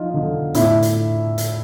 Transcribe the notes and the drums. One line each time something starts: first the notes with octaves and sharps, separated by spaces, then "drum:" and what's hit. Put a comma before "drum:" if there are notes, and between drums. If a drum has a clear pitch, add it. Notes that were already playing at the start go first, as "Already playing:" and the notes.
Already playing: F3 D#4 F4
D3
A2 D4 E4, drum: hi-hat
drum: hi-hat
drum: hi-hat